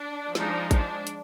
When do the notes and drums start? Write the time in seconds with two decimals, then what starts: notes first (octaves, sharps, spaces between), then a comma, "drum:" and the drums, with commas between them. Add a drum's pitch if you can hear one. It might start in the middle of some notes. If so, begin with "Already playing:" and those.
Already playing: D4
0.35 F3 G#3 D4 D#4, drum: snare
0.71 D4, drum: kick A1, hi-hat
1.07 drum: hi-hat